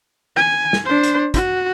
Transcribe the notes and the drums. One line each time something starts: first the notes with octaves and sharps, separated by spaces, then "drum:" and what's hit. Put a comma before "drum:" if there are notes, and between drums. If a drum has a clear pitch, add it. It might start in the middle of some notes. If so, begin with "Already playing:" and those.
G#5
drum: snare
D4 C5
drum: hi-hat
F#4, drum: kick, hi-hat